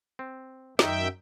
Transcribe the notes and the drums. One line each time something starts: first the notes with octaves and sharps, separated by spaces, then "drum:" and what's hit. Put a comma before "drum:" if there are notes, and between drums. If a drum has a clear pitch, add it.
C4
F#2 D#3 D#4 E5 G5, drum: snare